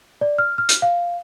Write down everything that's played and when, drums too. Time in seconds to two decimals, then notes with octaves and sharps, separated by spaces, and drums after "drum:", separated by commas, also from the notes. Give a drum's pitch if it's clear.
0.21 D5
0.38 F6
0.58 F6
0.69 drum: hi-hat
0.82 F5